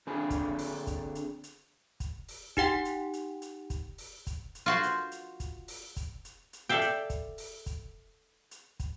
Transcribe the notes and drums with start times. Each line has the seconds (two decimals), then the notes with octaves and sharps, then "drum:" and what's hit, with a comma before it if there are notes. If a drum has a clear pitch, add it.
0.07 D3 C4 D4 G#4 G#5
0.30 drum: kick, hi-hat
0.59 drum: open hi-hat
0.87 drum: kick, hi-hat
1.15 drum: hi-hat
1.44 drum: hi-hat
2.00 drum: kick, hi-hat
2.29 drum: open hi-hat
2.57 D#4 G4 F#5 G5, drum: kick, hi-hat
2.85 drum: hi-hat
3.13 drum: hi-hat
3.42 drum: hi-hat
3.70 drum: kick, hi-hat
3.98 drum: open hi-hat
4.27 drum: kick, hi-hat
4.55 drum: hi-hat
4.66 F4 F#4 C5
4.83 drum: hi-hat
5.12 drum: hi-hat
5.40 drum: kick, hi-hat
5.68 drum: open hi-hat
5.96 drum: kick, hi-hat
6.25 drum: hi-hat
6.53 drum: hi-hat
6.69 A4 D5 E5 F5 G5
6.81 drum: hi-hat
7.10 drum: kick, hi-hat
7.38 drum: open hi-hat
7.66 drum: kick, hi-hat
8.51 drum: hi-hat
8.80 drum: kick, hi-hat